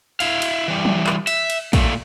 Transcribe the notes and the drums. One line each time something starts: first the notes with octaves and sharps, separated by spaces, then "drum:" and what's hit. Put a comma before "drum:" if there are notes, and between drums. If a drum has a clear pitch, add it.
E4 F5, drum: cymbal
drum: cymbal
E3 G3
drum: tom
drum: clap
E5, drum: cymbal
drum: cymbal
A#2 A3, drum: kick, cymbal